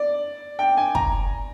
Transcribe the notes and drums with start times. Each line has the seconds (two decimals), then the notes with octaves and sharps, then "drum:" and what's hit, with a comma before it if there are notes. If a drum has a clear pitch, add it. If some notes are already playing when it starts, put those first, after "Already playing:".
Already playing: D5
0.59 G5
0.77 G#5
0.95 A#5, drum: kick